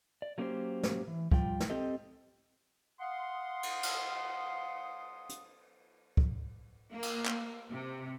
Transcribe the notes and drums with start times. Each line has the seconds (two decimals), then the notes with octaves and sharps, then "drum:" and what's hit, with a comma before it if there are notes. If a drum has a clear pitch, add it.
0.22 D5
0.38 F#3 A3 A#3 C#4 G4 C5
0.83 drum: snare
1.08 E3
1.32 F3 G3 F4 G5, drum: kick
1.60 drum: snare
1.70 C4 G4 A4 D#5
3.00 F5 F#5 C6 D#6
3.63 drum: cymbal
3.83 drum: cymbal
5.29 drum: hi-hat
6.17 drum: kick
6.92 A#3
7.02 drum: cymbal
7.26 drum: clap
7.71 C3